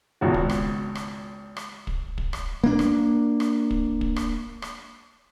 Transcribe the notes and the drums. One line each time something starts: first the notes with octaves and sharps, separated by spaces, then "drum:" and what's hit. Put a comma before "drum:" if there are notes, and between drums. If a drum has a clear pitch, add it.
G#1 C#2 B2 F#4
drum: kick
drum: rim click
drum: rim click
drum: rim click
drum: kick
drum: kick
drum: rim click
A#3 D4
drum: rim click
drum: rim click
drum: kick
drum: kick
drum: rim click
drum: rim click